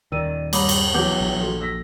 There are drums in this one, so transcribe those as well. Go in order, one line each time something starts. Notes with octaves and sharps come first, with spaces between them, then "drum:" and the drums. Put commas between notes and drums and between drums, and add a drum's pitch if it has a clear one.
D#1 D#3 D5 E6 D#7
G2 C#5 A#5 B5 D6 D#6, drum: cymbal
drum: cymbal
B2 E3 F#3 F#5 D6 G6
A#1
F#4 A4
E6 A#6 B6